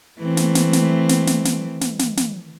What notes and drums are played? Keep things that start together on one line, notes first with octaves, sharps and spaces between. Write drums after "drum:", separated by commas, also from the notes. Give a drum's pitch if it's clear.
E3 A3 C4
drum: snare
drum: snare
drum: snare
drum: snare
drum: snare
drum: snare
drum: snare
drum: snare
drum: snare